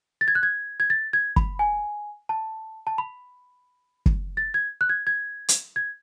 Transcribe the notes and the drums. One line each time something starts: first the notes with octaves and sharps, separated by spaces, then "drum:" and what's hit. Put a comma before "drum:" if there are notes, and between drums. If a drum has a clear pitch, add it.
A6
G#6
F#6
G#6
G#6
A6
G#6
B5, drum: kick
G#5
A5
A5
B5
drum: kick
A6
G#6
F#6
G#6
G#6
drum: hi-hat
G#6